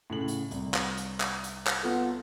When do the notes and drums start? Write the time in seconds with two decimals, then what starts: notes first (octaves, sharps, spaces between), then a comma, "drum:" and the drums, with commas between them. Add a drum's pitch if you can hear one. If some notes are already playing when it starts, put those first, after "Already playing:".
0.10 A2 C#3 F#7
0.28 drum: hi-hat
0.51 C2, drum: hi-hat
0.74 drum: clap
0.97 drum: hi-hat
1.20 drum: clap
1.44 drum: hi-hat
1.67 drum: clap
1.83 B3 F4 A4